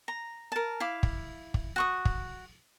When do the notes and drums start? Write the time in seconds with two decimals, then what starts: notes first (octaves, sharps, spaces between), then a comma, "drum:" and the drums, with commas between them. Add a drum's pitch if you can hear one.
0.08 A#5
0.52 A#4 A5
0.80 E4 F5 D6
1.03 drum: kick
1.54 drum: kick
1.76 F#4 C#6 D#6
2.05 drum: kick